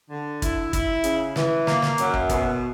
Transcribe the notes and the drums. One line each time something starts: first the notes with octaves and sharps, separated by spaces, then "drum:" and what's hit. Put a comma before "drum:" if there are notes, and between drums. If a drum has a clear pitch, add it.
D3
E4, drum: kick, hi-hat
E4, drum: kick, hi-hat
C#3, drum: hi-hat
E3, drum: snare
A#3, drum: snare
drum: snare
F#2, drum: hi-hat
drum: kick
B2, drum: kick, hi-hat